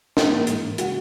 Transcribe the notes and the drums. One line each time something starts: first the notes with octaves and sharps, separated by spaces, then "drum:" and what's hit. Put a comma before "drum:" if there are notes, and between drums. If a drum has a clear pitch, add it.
G#2 E3 G#3, drum: snare
A#3 A#4
A#3 A#4
G#2 E3 G#3, drum: hi-hat
C#3 G#3 F#4 F#5, drum: hi-hat